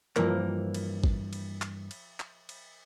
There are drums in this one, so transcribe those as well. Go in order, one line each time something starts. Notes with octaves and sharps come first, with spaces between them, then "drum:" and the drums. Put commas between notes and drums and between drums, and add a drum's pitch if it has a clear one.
G2 E3 F3 A#3 A#4, drum: clap
drum: cymbal
drum: kick G#1
drum: cymbal
drum: clap
drum: cymbal
drum: clap
drum: cymbal